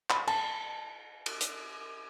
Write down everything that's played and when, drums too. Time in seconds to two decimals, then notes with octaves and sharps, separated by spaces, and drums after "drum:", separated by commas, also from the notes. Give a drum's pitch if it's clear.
0.10 B5, drum: clap
0.27 A5, drum: cymbal
1.26 drum: cymbal
1.41 drum: hi-hat